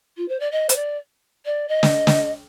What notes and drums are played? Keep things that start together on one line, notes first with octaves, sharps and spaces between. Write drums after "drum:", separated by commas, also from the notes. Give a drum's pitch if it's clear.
F4
C5
D5
D#5
C5, drum: hi-hat
D5
D5
D#5
drum: snare
drum: snare